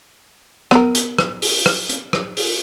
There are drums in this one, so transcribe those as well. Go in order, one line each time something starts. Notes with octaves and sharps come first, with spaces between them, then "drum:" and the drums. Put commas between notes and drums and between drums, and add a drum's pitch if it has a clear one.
B3 A#4, drum: rim click
drum: hi-hat
drum: rim click
drum: open hi-hat
drum: rim click
drum: hi-hat
drum: rim click
drum: open hi-hat